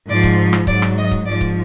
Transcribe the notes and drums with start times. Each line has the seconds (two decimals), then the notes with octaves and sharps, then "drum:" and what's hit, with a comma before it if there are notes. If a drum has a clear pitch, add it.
0.08 G#2 F3 D5
0.23 drum: kick C#1
0.53 drum: rim click
0.67 G#2 F#3 D5, drum: kick C#1
0.82 drum: rim click
0.97 D#5
1.11 drum: kick C#1
1.26 G#2 D5
1.31 F3
1.41 drum: kick C#1